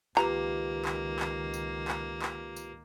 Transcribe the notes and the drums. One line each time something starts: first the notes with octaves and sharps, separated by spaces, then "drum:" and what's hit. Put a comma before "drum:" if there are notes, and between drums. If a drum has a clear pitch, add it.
C#2 D#3 A#3 F4 G4 B4 A#5, drum: clap
drum: clap
drum: clap
drum: tambourine
drum: clap
drum: clap
drum: tambourine